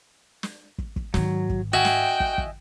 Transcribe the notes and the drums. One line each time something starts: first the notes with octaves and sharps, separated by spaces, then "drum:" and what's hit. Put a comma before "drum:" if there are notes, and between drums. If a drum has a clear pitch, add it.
drum: snare
drum: kick
drum: kick
G#2 D#3 F#3, drum: snare
drum: kick
F#4 D#5 E5 G5 G#5
drum: snare
drum: kick
drum: kick